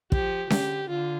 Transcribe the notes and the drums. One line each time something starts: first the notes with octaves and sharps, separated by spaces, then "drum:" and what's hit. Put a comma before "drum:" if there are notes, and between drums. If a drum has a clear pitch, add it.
F3 G4, drum: kick
D3 G4, drum: snare C#4
D3 F4